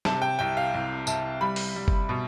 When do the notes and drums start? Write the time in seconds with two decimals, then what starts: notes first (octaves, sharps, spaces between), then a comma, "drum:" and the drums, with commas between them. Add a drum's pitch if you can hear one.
0.05 C3 A5, drum: snare
0.22 G5
0.39 C2 G5
0.57 F5
0.74 C2
1.07 C3 A5, drum: tambourine
1.41 G3 B5
1.56 drum: open hi-hat
1.76 G3
1.88 drum: kick
2.09 B2